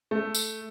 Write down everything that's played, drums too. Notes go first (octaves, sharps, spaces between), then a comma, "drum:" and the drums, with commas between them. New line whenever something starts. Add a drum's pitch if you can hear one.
A3
drum: tambourine